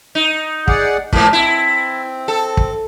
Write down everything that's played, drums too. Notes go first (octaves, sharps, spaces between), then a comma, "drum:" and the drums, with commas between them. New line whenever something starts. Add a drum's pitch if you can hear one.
D#4
G#4 D5 F#5, drum: kick
G#2 F3 A#3, drum: kick
C4 E4
A4
drum: kick